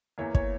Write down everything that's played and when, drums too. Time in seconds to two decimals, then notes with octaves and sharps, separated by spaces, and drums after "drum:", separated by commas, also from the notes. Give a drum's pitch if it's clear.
0.18 E2 E3 A#3 C#5
0.35 C#5, drum: kick